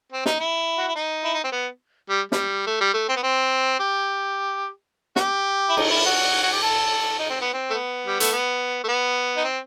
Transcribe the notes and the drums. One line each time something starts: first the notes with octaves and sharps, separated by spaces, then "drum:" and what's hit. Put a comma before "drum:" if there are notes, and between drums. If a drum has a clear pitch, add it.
C4
D#4, drum: snare
E4
F#4
E4
D#4
E4
D#4
C4
B3
G3
G3, drum: snare
A3
G3
A3
C4
B3
C4
G4
F#4, drum: snare
G4
E4
D#4, drum: cymbal
E4
F#4
F#4
G4
A4
D#4
C4
B3
C4
A3
B3
G3
A3, drum: hi-hat
B3
A3
B3
D#4
C4